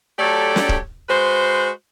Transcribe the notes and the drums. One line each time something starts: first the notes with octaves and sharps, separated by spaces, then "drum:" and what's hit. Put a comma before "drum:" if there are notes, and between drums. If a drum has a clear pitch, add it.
F#3 A3 G4 A4 C#5 D5
drum: snare
drum: kick
G#3 F#4 B4 C5